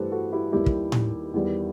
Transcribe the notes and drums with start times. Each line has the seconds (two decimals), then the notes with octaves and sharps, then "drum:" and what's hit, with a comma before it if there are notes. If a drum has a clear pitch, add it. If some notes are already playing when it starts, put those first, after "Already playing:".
Already playing: G2 E3 A3 G4 A4 B4 C5
0.12 F#4 A4
0.32 E4 G4
0.52 D#2 D#3 G3 E4 G4
0.66 drum: kick
0.92 drum: tom A2
1.34 E2 D#3 G3